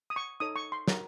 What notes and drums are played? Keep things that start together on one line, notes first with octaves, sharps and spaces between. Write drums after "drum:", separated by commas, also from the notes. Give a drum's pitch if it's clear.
D#6
C#6
D#4 A4 C#5 D#6
C#6
C6
F#4 A#4 C#5, drum: snare